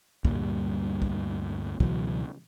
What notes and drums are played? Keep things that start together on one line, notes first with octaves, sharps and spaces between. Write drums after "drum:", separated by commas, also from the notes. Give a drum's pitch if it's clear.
D2 G2 A#2 G3, drum: kick
drum: kick
C#2 B2 E3 F#3, drum: kick